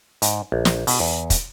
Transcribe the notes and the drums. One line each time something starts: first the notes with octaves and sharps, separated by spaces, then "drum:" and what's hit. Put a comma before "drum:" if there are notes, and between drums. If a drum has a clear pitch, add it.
G#2, drum: hi-hat
A#1
drum: snare
B2, drum: open hi-hat
E2
drum: kick, hi-hat